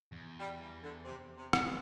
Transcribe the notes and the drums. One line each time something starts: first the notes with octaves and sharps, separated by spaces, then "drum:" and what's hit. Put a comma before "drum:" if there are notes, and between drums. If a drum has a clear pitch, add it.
E2
G3
G3
D3
C3
C3
drum: rim click